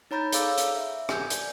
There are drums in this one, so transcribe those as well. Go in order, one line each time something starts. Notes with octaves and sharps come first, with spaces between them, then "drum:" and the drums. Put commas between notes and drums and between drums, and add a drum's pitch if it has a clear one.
D#4 C#5 A#5 B5 G6 A6
G#4 A4 C#5 F5 D6 E6, drum: hi-hat
drum: hi-hat
E5
G#5 G6, drum: rim click
D5, drum: hi-hat